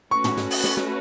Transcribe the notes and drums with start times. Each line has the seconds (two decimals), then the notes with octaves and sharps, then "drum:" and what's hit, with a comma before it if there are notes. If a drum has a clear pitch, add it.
0.10 A3 C#4 F#4 B4 C#6
0.24 drum: tom
0.37 drum: snare
0.51 drum: open hi-hat
0.64 drum: snare
0.77 drum: snare